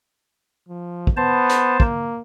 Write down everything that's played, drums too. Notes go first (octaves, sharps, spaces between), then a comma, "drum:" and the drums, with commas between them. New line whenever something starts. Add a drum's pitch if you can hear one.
F3
drum: kick
B3 C5 A5
drum: hi-hat
A#3, drum: kick